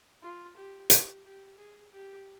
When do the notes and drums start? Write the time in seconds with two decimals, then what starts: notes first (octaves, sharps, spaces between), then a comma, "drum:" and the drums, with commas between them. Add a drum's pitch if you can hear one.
0.22 F4
0.57 G4
0.90 G4, drum: hi-hat
1.24 G4
1.57 G#4
1.92 G4